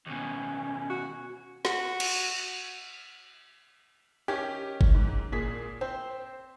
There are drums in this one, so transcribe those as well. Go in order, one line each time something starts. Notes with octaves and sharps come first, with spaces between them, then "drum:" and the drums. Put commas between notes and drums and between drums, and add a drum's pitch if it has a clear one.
D#2 B2 C#4
F#4
F#4, drum: snare
drum: cymbal
D#3 C#4 G4
drum: kick F#1
G#2
A#2 G#4 B6
C4 C5